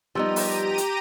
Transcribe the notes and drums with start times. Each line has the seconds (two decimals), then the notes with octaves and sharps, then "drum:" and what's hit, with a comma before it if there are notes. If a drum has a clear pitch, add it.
0.15 F3 G3 B3 D#4 G4 A#5 E6 D#7
0.36 drum: open hi-hat
0.78 drum: hi-hat